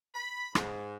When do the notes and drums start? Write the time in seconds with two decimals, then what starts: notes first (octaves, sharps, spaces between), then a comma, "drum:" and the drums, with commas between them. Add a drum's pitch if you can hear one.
0.15 B5
0.55 G#2, drum: rim click